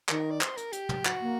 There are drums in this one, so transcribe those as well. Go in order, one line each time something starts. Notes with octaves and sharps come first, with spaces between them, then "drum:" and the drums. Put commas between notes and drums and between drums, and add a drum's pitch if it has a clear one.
D#3 A#4, drum: clap
D5
C5, drum: clap
A#4, drum: hi-hat
G4, drum: hi-hat
drum: tom
F#4, drum: clap
A#3